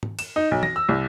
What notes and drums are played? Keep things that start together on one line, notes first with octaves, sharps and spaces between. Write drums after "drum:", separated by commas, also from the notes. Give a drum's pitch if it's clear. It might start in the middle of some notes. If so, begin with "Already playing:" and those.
drum: tom G#2
E7, drum: cymbal
D#4
B1
A#6, drum: tom E3
E6
C2